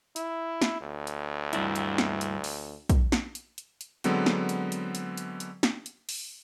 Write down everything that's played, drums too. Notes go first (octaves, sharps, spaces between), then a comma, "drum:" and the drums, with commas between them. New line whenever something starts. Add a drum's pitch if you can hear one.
E4, drum: hi-hat
drum: snare
D2
drum: hi-hat
G2 D4 E4, drum: hi-hat
drum: hi-hat
drum: snare
drum: hi-hat
drum: open hi-hat
drum: kick, hi-hat
drum: snare
drum: hi-hat
drum: hi-hat
drum: hi-hat
D3 F#3 G#3 B3 C4, drum: hi-hat
drum: snare
drum: hi-hat
drum: hi-hat
drum: hi-hat
drum: hi-hat
drum: hi-hat
drum: snare
drum: hi-hat
drum: open hi-hat